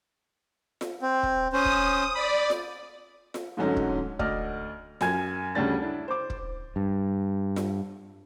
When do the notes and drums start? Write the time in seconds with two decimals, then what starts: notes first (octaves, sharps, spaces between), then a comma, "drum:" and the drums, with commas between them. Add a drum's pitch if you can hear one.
0.81 drum: snare F4
1.02 C4
1.23 drum: kick
1.53 C#4 C5 D#6
1.65 drum: kick
2.15 D5 B5
2.50 drum: snare F4
3.34 drum: snare F4
3.57 G#2 D3 F#3 A3 C#4 D#4
3.76 drum: kick
4.19 D2 D5 D#5 F6, drum: kick
5.01 F#2 G#5 G#6, drum: snare F4
5.55 D2 C#3 G3 C#4 D4 A6
5.82 D4 E4
6.08 C5 D6
6.30 drum: kick
6.76 G2
7.56 drum: snare F4